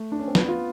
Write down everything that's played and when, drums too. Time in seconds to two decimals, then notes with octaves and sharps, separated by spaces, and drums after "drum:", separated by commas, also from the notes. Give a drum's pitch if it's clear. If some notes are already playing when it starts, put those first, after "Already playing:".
Already playing: A3
0.12 D4
0.19 C#4
0.28 C4
0.35 B3, drum: snare
0.48 F4